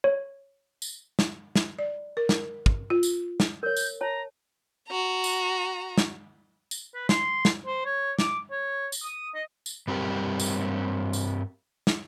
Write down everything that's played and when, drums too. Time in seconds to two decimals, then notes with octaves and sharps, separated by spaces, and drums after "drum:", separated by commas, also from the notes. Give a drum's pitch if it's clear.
0.04 C#5
0.82 drum: tambourine
1.19 drum: snare
1.56 drum: snare
1.79 D5
2.17 A#4
2.29 drum: snare
2.66 drum: kick
2.90 F4
3.03 drum: tambourine
3.40 drum: snare
3.63 A#4 C#5 G6
3.77 drum: tambourine
4.01 C#5 A5 A#5
4.89 F#4 A#5
5.24 drum: tambourine
5.98 drum: snare
6.71 drum: tambourine
6.95 B4
7.09 C6, drum: snare
7.45 drum: snare
7.66 C5
7.85 C#5
8.19 D6, drum: snare
8.51 C#5
8.92 drum: tambourine
9.04 D#6
9.35 D#5
9.66 drum: tambourine
9.88 G2 G3 C4 G4 A#4
10.40 drum: tambourine
11.13 drum: tambourine
11.87 drum: snare